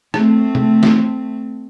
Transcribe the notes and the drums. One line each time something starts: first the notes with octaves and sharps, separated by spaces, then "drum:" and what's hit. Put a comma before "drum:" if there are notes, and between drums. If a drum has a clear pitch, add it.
A3 C4, drum: rim click
drum: tom
drum: snare